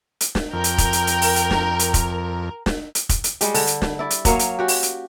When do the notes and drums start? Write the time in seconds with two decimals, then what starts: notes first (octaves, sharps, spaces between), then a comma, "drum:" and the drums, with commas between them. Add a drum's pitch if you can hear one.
0.21 drum: hi-hat
0.35 drum: snare
0.53 F2 A#4 G5
0.64 drum: hi-hat
0.78 drum: kick, hi-hat
0.93 drum: hi-hat
1.07 drum: hi-hat
1.22 drum: open hi-hat
1.36 drum: hi-hat
1.51 drum: snare
1.79 drum: hi-hat
1.94 drum: kick, hi-hat
2.66 drum: snare
2.95 drum: hi-hat
3.09 drum: kick, hi-hat
3.24 drum: hi-hat
3.41 G3 G#3 G4, drum: hi-hat
3.54 D3, drum: open hi-hat
3.67 drum: hi-hat
3.82 drum: snare
3.99 E4 D5
4.10 drum: hi-hat
4.25 F#3 A#3 C#5 F5, drum: kick, hi-hat
4.39 drum: hi-hat
4.59 C#4 F#4 G4
4.68 drum: open hi-hat
4.83 drum: hi-hat